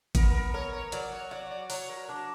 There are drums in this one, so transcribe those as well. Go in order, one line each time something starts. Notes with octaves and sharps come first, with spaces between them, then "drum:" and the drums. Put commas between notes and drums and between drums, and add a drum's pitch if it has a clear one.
B3 A#4, drum: kick G#1, hi-hat
A#4
A#4 C#5
C#5
F#3 D5, drum: hi-hat
C#5
F#4 D5
D5
F#3 C#5, drum: open hi-hat
A#4
D4 A#4